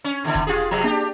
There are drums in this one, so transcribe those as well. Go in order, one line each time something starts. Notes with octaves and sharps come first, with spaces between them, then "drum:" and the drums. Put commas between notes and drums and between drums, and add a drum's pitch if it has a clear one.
C#4
D#2 D3
drum: kick E1, hi-hat
F4 G4 G#4
C3 F3
D4 G4, drum: tom A#3